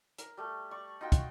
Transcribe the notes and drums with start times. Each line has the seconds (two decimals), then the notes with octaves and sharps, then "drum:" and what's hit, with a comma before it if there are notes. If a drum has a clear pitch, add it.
0.18 A#4, drum: hi-hat
0.37 G3 A3
0.71 D5 C#6
1.01 D#4 F4 F#4 G5
1.12 drum: kick, hi-hat